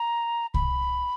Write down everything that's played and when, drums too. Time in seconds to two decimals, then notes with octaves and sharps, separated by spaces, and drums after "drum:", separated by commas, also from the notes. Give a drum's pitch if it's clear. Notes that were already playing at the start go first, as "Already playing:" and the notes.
Already playing: A#5
0.54 B5, drum: kick C2